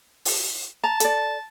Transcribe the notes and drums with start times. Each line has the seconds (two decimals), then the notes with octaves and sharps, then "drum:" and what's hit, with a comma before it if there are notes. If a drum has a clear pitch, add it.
0.25 drum: open hi-hat
0.84 A5 A#5
1.00 A4 D5, drum: hi-hat